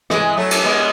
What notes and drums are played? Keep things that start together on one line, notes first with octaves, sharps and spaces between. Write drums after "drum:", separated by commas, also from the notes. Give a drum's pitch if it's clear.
E3 G#3, drum: rim click
F#3 A3
drum: cymbal
G#3 B3